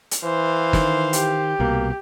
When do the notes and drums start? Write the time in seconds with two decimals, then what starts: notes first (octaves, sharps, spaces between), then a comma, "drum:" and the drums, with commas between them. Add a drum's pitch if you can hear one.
0.11 drum: hi-hat
0.24 E3 C5 F5
0.73 D#3, drum: snare
1.13 G4, drum: hi-hat
1.60 C2 B2 A#3